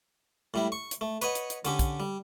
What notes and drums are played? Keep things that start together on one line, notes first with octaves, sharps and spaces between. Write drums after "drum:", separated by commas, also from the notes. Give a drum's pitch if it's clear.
A2 G3 E4
C#6
drum: hi-hat
A3
B4 C#5 D#5 F#5, drum: hi-hat
drum: hi-hat
drum: hi-hat
D3 C#4 G4, drum: hi-hat
drum: kick, hi-hat
G3